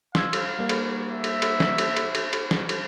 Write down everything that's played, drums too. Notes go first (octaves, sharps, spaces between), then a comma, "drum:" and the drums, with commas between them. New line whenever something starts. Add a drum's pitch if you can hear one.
F5 C6 E6 G#6, drum: snare
drum: cymbal
G3 A#3
drum: cymbal
E5
drum: cymbal
drum: cymbal
drum: snare
drum: cymbal
drum: cymbal
drum: cymbal
drum: cymbal
drum: snare
drum: cymbal